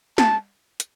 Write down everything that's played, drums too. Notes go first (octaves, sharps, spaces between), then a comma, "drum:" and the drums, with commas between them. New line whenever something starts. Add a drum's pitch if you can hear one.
A5, drum: snare
drum: hi-hat